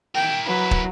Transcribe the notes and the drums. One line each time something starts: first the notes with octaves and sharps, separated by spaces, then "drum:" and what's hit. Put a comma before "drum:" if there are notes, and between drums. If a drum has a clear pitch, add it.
E4 A#4 G5
F#3 B4
drum: kick